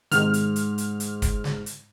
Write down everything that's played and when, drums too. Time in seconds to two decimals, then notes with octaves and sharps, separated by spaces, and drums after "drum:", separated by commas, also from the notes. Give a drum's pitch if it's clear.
0.12 G#2 C3 D#3 F6, drum: hi-hat
0.34 drum: hi-hat
0.56 drum: hi-hat
0.78 drum: hi-hat
1.00 drum: hi-hat
1.22 drum: kick, hi-hat
1.44 drum: snare
1.66 drum: hi-hat